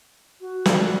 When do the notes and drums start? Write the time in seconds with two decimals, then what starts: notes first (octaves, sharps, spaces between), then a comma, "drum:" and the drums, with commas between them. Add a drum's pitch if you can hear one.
0.41 F#4
0.66 G#3 C4 D5, drum: snare